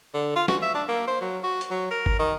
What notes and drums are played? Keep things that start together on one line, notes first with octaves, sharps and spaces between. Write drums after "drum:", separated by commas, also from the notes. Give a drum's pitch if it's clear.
D3
F4
F#4, drum: snare
E5
D4
A#3
C5
F#3
F#4
drum: hi-hat
F#3
A#4
drum: kick G1
D#3